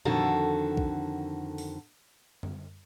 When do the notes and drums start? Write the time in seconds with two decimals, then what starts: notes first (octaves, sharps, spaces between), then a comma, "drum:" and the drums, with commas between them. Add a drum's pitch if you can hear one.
0.05 F2 D3 D#3 F#4 A4, drum: tom A#2
0.77 drum: kick B1
1.58 drum: open hi-hat
2.43 drum: tom